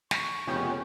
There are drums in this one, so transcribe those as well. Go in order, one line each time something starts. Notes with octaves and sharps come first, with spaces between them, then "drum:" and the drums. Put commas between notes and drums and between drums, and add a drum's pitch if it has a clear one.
C#6, drum: snare
F1 C#3 B3 C#4 F4 G5